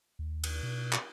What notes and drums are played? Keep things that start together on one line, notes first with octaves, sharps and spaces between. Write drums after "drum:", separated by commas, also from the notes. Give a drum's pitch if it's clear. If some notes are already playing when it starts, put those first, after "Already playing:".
D#2
drum: cymbal
B2
drum: clap